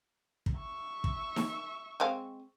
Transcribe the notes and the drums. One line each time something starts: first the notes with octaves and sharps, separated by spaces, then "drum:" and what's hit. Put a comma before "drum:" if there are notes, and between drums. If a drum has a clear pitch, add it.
drum: kick
E5 C#6
drum: kick
drum: snare D#4
G#3 C4 F5